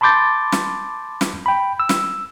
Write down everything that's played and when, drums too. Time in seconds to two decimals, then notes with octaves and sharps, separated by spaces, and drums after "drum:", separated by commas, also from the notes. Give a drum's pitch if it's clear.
0.01 A5 B5 C6 D6 G6 A6
0.52 drum: snare
1.21 drum: snare
1.46 G5 B5
1.80 E6
1.89 drum: snare